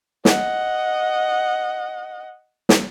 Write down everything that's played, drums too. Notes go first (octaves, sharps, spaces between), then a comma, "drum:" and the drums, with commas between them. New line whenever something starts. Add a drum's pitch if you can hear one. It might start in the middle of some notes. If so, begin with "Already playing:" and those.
D#5 F#5, drum: snare
drum: snare